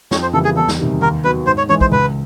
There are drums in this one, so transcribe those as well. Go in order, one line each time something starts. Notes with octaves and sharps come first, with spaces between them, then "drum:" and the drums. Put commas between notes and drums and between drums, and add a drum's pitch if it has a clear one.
F2 C#5, drum: snare
C5
C#3 E3 G3 A#3 A4
G#4
E2 A4
drum: snare
C3 D#3 G3
D#2 A#4
D#3 F#3 B3 B4
G#2 C5
C#5
E3 G#3 C#5
C5, drum: kick
C#2 B4